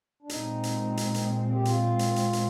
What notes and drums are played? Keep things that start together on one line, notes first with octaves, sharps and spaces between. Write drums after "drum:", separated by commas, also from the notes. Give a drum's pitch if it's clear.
D4
A#2 G#3 C4 D#4, drum: hi-hat
drum: hi-hat
drum: hi-hat
drum: hi-hat
G4
F4, drum: hi-hat
drum: hi-hat
drum: hi-hat
drum: hi-hat